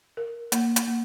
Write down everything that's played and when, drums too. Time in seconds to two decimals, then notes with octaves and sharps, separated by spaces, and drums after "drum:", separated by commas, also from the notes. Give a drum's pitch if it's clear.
0.17 A#4
0.52 A#3, drum: hi-hat
0.76 drum: hi-hat
0.88 A#3